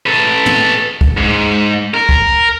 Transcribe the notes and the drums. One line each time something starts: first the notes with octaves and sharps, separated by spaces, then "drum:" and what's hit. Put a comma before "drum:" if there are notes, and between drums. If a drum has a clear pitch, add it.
A4 B4
drum: tom
drum: kick
G#2
A#4
drum: kick